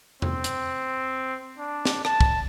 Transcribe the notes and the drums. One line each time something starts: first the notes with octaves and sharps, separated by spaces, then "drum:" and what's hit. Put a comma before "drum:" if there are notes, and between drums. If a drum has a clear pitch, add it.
C4, drum: tom E2
drum: hi-hat
D4
drum: snare
A5, drum: rim click
drum: kick